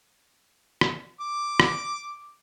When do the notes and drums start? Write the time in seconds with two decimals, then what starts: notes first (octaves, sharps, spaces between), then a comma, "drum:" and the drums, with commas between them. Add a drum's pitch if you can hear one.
0.81 drum: rim click
1.20 D6
1.60 drum: rim click